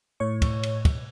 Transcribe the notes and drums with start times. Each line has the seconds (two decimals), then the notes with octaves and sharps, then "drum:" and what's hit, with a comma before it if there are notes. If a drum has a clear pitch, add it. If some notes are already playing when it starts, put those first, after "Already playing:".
0.20 A2 C#5 C#6
0.42 drum: kick, cymbal
0.63 drum: cymbal
0.85 drum: kick, cymbal